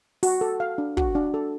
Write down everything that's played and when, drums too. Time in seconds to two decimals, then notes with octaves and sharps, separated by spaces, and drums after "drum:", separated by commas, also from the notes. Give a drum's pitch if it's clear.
0.23 F#4, drum: open hi-hat
0.41 A4
0.60 F5
0.78 D4
0.97 F#4, drum: kick
1.15 D4
1.34 A4